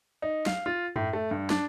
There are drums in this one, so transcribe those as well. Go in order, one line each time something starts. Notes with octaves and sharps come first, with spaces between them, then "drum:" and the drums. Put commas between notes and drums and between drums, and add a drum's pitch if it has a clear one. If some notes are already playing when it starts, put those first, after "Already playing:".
D#4
F5, drum: snare
F4
A2, drum: tom F#2
A3
G2
D4, drum: snare